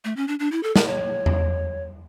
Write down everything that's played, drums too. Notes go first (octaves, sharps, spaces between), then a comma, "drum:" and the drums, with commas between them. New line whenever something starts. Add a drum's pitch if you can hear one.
A3
C#4
D4
D4
E4
A4
A#4, drum: snare
C#5
drum: tom E2